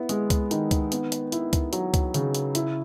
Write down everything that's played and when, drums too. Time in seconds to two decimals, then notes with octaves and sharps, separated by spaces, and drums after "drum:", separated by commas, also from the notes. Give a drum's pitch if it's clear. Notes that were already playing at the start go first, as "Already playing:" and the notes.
Already playing: B3 E4
0.09 G#3, drum: hi-hat
0.30 drum: kick C#2, hi-hat
0.51 D#3, drum: hi-hat
0.71 drum: kick C#2, hi-hat
0.92 B3, drum: hi-hat
1.12 drum: hi-hat
1.32 E4, drum: hi-hat
1.53 drum: kick C#2, hi-hat
1.73 F#3, drum: hi-hat
1.94 drum: kick C#2, hi-hat
2.14 C#3, drum: hi-hat
2.35 drum: hi-hat
2.55 E4, drum: hi-hat